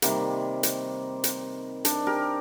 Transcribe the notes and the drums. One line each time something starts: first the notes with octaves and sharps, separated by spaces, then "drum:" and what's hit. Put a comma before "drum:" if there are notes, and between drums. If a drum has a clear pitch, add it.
C3 D#3 G3 A#3, drum: hi-hat
drum: hi-hat
drum: hi-hat
D4, drum: hi-hat
G4 A#4